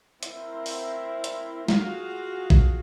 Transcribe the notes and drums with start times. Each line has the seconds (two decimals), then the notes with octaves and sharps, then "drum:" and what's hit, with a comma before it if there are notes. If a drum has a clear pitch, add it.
0.23 C4 E4 A#4 C5, drum: hi-hat
0.66 drum: open hi-hat
1.24 drum: hi-hat
1.68 F4 F#4 G#4 F5, drum: snare
2.50 drum: kick A#1